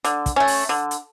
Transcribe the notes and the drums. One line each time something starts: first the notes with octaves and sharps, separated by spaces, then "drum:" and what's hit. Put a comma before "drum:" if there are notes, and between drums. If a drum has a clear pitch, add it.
D3, drum: hi-hat
drum: kick, hi-hat
A3 C#4
drum: open hi-hat
D3
drum: hi-hat